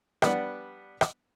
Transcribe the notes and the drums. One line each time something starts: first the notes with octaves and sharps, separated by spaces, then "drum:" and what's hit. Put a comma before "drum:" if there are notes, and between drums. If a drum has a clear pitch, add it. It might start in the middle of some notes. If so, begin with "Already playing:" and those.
G3 B3 D4 F#5, drum: rim click
drum: rim click